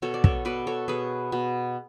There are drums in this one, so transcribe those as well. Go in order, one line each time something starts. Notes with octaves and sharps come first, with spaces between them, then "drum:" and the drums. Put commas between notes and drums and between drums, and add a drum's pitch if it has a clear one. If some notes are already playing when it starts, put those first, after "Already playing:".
B2 A4 C#5
D5
A4 C#5, drum: kick
B2 B4 D5
A4 C#5
B2 G#4 B4
B2